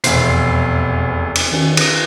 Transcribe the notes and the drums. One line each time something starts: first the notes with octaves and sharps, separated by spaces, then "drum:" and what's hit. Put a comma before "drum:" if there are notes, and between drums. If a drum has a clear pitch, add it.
F1 E2 B2 C5 C7, drum: hi-hat
drum: cymbal
D#3 C#4 F#4
F#6 A#6, drum: cymbal